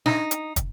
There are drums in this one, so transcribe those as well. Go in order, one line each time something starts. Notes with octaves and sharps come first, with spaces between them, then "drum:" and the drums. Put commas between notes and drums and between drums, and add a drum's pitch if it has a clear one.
D#4, drum: snare
drum: hi-hat
drum: kick, hi-hat